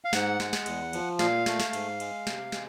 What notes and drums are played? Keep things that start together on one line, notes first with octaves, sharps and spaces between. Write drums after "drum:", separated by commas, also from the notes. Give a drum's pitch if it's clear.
F5
G#2 F#5, drum: snare
G#3, drum: snare
drum: snare
E2, drum: cymbal
F3, drum: cymbal
A#2 F5, drum: snare
A3, drum: snare
drum: snare
G#2, drum: cymbal
G#3, drum: cymbal
C3, drum: snare
G#3, drum: snare